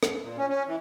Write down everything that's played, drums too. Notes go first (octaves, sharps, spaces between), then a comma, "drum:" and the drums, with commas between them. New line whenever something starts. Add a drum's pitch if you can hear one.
drum: rim click
A#2
C#4
C#4
E3